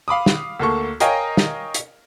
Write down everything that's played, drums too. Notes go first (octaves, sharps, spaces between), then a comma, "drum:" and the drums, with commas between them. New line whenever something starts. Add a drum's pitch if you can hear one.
F5 B5 D6 D#6
drum: snare
D2 A#3 A4 C#6
A#4 C#5 D#5 F5 G5 G#5, drum: hi-hat
drum: snare
drum: hi-hat